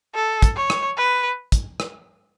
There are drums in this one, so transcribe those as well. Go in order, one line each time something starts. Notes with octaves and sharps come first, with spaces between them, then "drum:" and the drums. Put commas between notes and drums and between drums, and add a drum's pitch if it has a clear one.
A4
drum: kick, hi-hat
C#5
drum: rim click
B4
drum: kick, hi-hat
drum: rim click